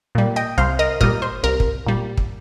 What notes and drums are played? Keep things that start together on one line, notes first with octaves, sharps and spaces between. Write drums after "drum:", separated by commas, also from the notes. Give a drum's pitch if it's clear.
A#2 G3
D#5 G5
C2 C5 F5
A#4 D#5
A#2 G3 A#4 D#5, drum: kick
C5
C2 A#4
drum: kick
A#2 G3
drum: kick